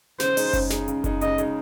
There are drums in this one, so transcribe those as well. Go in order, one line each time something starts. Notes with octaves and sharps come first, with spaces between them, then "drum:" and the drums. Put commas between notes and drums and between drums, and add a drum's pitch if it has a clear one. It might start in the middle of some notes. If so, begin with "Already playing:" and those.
C#3 C5, drum: snare
G#3 D#4, drum: open hi-hat
C#3, drum: kick F#1, hi-hat
G#3 D#4, drum: snare
C#3, drum: hi-hat
G#3 D#4, drum: kick F#1, hi-hat
C#3 D#5, drum: hi-hat
G#3 D#4, drum: hi-hat